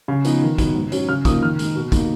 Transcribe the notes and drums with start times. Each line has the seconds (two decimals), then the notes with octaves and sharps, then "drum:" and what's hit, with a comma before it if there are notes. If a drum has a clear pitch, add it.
0.08 C#3
0.25 F3 B3 D#4, drum: hi-hat
0.42 D#3
0.58 F#3 B3 D#4, drum: kick, hi-hat
0.76 G#2
0.92 F#3 C#4, drum: hi-hat
1.09 C#3 F6
1.25 F3 A#3 D#4 D#6, drum: kick, hi-hat
1.43 D#3 F6
1.59 G#3 D#4, drum: hi-hat
1.76 B2
1.92 A#3 D#4, drum: kick, hi-hat